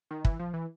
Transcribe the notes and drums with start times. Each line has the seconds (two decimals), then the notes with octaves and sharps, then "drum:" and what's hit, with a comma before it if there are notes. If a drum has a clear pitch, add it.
0.11 D#3
0.25 E3, drum: kick
0.39 F3
0.54 E3